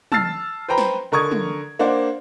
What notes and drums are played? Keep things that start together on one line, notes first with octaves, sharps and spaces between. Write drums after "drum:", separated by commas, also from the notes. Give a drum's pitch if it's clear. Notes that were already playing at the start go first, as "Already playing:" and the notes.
A5 E6 F6 A6 C7, drum: tom
B4 C5 G5 A#5 B5
drum: snare
D3 A#4 C#6 D#6 G#6
drum: tom
A#3 D4 C5 F#5